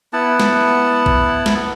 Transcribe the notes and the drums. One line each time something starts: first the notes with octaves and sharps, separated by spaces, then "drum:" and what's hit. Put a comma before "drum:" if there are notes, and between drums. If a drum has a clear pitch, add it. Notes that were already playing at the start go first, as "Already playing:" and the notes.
B3 E4 F#5 A5
drum: snare
drum: kick
drum: snare